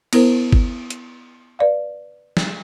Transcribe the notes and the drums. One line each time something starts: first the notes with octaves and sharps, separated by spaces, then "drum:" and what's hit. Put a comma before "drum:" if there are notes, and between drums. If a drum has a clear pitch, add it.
B3 E4 A#4 C5, drum: cymbal
drum: kick G1
drum: hi-hat
B4 D5 F5
drum: snare